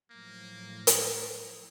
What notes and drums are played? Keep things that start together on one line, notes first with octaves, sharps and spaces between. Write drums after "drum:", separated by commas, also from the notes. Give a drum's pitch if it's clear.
A2 F3 F#3 A#3
drum: hi-hat